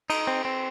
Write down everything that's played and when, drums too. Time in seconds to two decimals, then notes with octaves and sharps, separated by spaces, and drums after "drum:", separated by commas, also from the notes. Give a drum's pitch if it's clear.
0.10 D#4, drum: cymbal
0.27 C4
0.45 C4